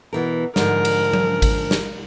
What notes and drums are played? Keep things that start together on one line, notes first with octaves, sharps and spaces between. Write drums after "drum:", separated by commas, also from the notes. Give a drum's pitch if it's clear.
B2 E3 A#4
G#2 D3 F3 A#4, drum: snare
drum: cymbal
drum: tom F#3
drum: kick G#1, cymbal
drum: snare